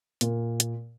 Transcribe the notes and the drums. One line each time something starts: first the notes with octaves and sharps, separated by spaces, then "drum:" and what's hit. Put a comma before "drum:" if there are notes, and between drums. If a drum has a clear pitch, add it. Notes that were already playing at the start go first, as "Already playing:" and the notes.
A#2, drum: hi-hat
drum: hi-hat